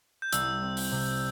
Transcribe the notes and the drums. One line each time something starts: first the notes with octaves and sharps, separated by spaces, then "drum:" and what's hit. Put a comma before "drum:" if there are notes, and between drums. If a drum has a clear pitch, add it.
G6
C2 E6, drum: hi-hat
C4
drum: open hi-hat
C3